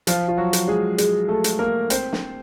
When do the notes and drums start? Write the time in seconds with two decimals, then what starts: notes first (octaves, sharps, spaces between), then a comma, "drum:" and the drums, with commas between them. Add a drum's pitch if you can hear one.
0.07 F3 F4, drum: hi-hat
0.28 F4
0.37 F#3 F#4
0.53 drum: hi-hat
0.68 G#3 G#4
0.98 G#3 G#4, drum: hi-hat
1.28 A3 A4
1.44 drum: hi-hat
1.59 A#3 A#4
1.90 C4 C5, drum: hi-hat
2.13 drum: snare